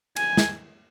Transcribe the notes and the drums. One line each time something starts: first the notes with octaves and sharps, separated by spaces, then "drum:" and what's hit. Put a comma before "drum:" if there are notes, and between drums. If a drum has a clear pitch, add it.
G#5, drum: cymbal
drum: snare